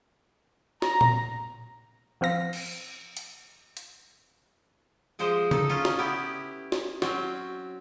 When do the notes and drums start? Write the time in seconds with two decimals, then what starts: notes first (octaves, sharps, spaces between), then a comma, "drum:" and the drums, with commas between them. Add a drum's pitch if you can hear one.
0.82 A#5, drum: snare
1.01 drum: tom A#2
2.21 F3 C4 F5 A#6
2.53 drum: cymbal
3.17 drum: hi-hat
3.77 drum: hi-hat
5.19 C3 F3 G#3 C5 D#5
5.51 D#4 A4, drum: tom C#3
5.69 C#4 F4 D#5
5.85 drum: snare
5.99 B3 E4 G4
6.72 drum: snare
7.02 F#3 C4 C#4, drum: snare